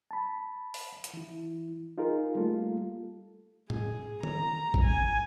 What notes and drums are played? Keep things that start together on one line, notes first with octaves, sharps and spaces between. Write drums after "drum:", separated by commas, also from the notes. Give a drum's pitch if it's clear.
A5 B5
drum: open hi-hat
drum: hi-hat
E3 E4
D#4 F4 G#4 A#4
G3 A3 A#3 F4 A4
G#4, drum: tom
A#5, drum: tom D#3
drum: kick
G#5